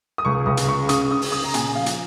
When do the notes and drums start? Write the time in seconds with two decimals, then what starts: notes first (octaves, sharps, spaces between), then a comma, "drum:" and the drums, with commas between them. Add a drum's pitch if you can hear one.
0.18 D#6
0.25 C#2 C#6
0.46 C#2 D#6
0.57 drum: hi-hat
0.67 C#3 C#6
0.89 C#3 D#6, drum: hi-hat
1.11 C#3 D#6
1.22 drum: open hi-hat
1.32 C#3 D#6
1.44 A#5
1.54 A#2 G#5, drum: hi-hat
1.75 F3 F5
1.86 drum: hi-hat